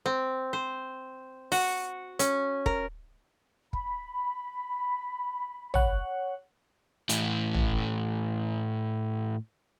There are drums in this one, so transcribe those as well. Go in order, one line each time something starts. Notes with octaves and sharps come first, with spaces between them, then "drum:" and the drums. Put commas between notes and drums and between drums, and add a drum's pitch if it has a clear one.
C4
C5
F#4, drum: open hi-hat
C#4, drum: hi-hat
A#4, drum: kick
B5, drum: kick
C#5 F#5, drum: tom
A2 E3, drum: hi-hat
drum: tom